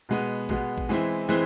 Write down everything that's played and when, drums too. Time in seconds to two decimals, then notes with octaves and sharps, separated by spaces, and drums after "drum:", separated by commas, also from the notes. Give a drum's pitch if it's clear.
0.09 B2 G#3 B3
0.49 B2 G#3 B3, drum: kick A1
0.77 drum: kick A1
0.89 E3 G#3 C4 E4
1.29 E3 G#3 C4 E4